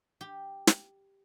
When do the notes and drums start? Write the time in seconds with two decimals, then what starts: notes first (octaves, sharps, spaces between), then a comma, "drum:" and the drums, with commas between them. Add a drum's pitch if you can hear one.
0.21 G4
0.67 drum: snare